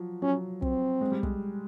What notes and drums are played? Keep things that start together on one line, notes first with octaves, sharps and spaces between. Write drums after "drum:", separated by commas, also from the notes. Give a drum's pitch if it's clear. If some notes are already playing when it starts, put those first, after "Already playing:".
Already playing: F3 F#3
F#3 C#4
C4, drum: kick
G#3
G3
G#3, drum: kick